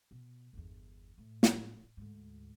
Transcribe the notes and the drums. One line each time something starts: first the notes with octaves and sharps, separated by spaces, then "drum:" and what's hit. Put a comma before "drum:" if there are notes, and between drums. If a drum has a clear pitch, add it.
B2
G1 E2
A2
drum: snare
D2 G#2